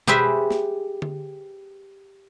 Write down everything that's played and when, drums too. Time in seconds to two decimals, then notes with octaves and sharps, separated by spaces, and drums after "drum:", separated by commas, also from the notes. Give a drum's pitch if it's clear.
0.07 G4 G#4 B4 C5 E5, drum: tom B2
0.51 drum: snare
1.02 drum: tom D3